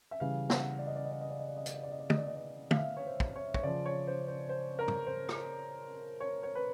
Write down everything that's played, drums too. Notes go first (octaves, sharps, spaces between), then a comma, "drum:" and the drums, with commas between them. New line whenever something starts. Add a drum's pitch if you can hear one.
E5
C#3 E3 G3 F5
F#5, drum: snare
D5
D#5
D5
D#5
D5
D#5
D5
D#5
D5
D#5
D5, drum: hi-hat
D#5
D5
D#5
D5
D#5, drum: tom
D5
D#5
D5
F5, drum: tom
E5
C#5
C5
drum: kick
C#5
C#5, drum: kick
C#3 F3 D5
C#5
C5
C5
C5
A#4
drum: tom
C5
drum: rim click
C#5
C#5
B4